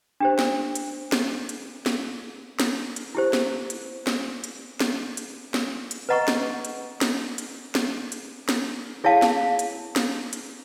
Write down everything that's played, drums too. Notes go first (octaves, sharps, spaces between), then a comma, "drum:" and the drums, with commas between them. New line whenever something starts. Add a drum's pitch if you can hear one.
D4 G4 C5
drum: snare
drum: hi-hat
drum: snare
drum: hi-hat
drum: snare
drum: snare
drum: hi-hat
E4 G4 C5
drum: snare
drum: hi-hat
drum: snare
drum: hi-hat
drum: snare
drum: hi-hat
drum: snare
drum: hi-hat
B4 D#5 F#5 A#5 C#6
drum: snare
drum: hi-hat
drum: snare
drum: hi-hat
drum: snare
drum: hi-hat
drum: snare
E4 G#4 C#5 F5 A5
drum: snare
drum: hi-hat
drum: snare
drum: hi-hat